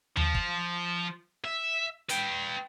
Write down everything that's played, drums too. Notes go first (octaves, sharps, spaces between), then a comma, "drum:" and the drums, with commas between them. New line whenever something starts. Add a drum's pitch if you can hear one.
F3, drum: tom D#2
drum: kick
E5
B4 G5, drum: hi-hat